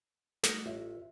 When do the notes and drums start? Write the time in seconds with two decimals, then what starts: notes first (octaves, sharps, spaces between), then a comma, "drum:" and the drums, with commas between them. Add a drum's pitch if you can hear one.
0.44 G3 A3 A#3 D#4 F#4, drum: snare
0.66 A1 F4 E5